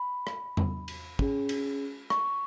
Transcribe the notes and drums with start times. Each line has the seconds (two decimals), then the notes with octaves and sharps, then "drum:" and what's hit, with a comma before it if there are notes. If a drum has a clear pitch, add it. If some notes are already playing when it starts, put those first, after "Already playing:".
Already playing: B5
0.27 drum: rim click
0.57 drum: tom E2
0.88 drum: cymbal
1.19 C#4 G#4, drum: kick
1.49 drum: cymbal
2.10 C#6, drum: rim click